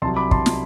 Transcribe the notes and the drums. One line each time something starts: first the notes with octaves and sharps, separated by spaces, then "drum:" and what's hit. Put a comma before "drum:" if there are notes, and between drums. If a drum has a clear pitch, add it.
C2 C3 F#3 A5 C6
B5 D6
A5 C6, drum: kick
drum: snare